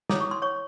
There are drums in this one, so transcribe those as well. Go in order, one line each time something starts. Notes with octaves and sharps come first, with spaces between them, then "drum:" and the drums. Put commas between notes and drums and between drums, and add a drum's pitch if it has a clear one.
E4 A4 C#5 D6, drum: snare
C#6
C6
C#5 C#6